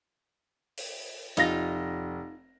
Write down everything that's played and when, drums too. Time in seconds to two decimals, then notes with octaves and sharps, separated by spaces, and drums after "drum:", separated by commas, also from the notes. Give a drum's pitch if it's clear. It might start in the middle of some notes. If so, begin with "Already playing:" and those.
0.77 drum: open hi-hat
1.37 F1 D#4 F4 A#6, drum: hi-hat